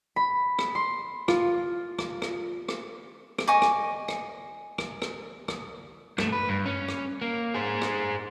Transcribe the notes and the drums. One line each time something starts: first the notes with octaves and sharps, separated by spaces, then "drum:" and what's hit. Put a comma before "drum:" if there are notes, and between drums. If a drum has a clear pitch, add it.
B5
drum: rim click
C6
F4, drum: rim click
drum: rim click
drum: rim click
drum: rim click
drum: rim click
D#5 G#5 C#6 D6
drum: rim click
drum: rim click
drum: rim click
drum: rim click
drum: rim click
G2 A3, drum: rim click
B4
G2
C#4
drum: rim click
A#3
G#4 C5
drum: rim click